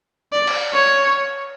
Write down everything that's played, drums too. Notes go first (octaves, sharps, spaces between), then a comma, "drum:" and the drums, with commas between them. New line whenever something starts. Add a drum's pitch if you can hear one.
D5
drum: cymbal
C#5